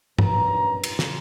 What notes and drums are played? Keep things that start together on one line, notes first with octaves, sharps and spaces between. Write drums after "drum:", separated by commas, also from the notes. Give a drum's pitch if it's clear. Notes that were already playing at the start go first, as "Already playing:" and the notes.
B1 G2 A#2 C#4 B4 A#5, drum: tom
drum: cymbal
drum: snare